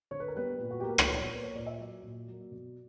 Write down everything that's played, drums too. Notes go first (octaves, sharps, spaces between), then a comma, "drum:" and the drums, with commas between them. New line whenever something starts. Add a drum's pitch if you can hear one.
D3 C#5
B4
A#4
G3 B3 B4
A#2
F#4
A#3 G4
A#4
B4, drum: rim click
A#2 C#5
D5
C#5
A#3 B4
C#5
A#2 D5
E5
F#3 A#3 D5
A#2
F#3 A#3
B2